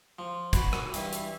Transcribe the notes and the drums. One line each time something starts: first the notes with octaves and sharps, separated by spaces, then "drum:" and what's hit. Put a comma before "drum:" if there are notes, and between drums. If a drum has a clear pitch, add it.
F3
F#4 B4, drum: kick, hi-hat
drum: rim click
G2 E3, drum: hi-hat
drum: hi-hat